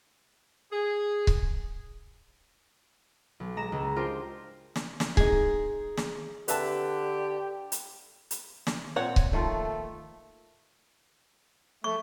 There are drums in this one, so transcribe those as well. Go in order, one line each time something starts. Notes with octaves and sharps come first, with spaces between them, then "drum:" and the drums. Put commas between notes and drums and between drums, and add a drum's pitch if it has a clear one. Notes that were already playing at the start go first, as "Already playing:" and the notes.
G#4
drum: kick C#1
B1
G#3 A#5 E7
C#2
D4 F4 G4 A#4 C5
drum: snare
drum: snare
G#3 D#4 G#4, drum: kick C#1
drum: snare
D3 G4 B4 E5 A5, drum: hi-hat
drum: hi-hat
drum: hi-hat
drum: snare
A#2 C4 C#5 F#5
drum: kick C#1
D#3 F3 A3 F4
A3 C#6